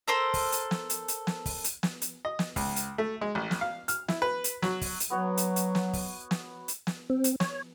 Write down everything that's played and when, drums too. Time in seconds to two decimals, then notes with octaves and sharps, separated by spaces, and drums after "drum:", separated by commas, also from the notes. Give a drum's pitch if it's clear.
0.08 A4 A#4 C5 E6
0.34 drum: kick, open hi-hat
0.52 drum: hi-hat
0.71 drum: snare
0.90 drum: hi-hat
1.08 drum: hi-hat
1.27 drum: snare
1.46 drum: kick, open hi-hat
1.64 drum: hi-hat
1.83 drum: snare
2.02 drum: hi-hat
2.25 D#5
2.39 drum: snare
2.56 C#2, drum: kick, open hi-hat
2.76 drum: hi-hat
2.98 A3
3.21 G#3
3.35 A1
3.51 drum: snare
3.61 F5
3.88 F6, drum: hi-hat
4.08 E4, drum: snare
4.22 B4
4.44 drum: hi-hat
4.62 F#3, drum: snare
4.81 drum: kick, open hi-hat
5.00 drum: hi-hat
5.10 F#3 B3 F#4 C#5
5.37 drum: hi-hat
5.56 drum: hi-hat
5.75 drum: snare
5.93 drum: kick, open hi-hat
6.31 drum: snare
6.68 drum: hi-hat
6.87 drum: snare
7.10 C4
7.24 drum: hi-hat
7.40 C#5, drum: snare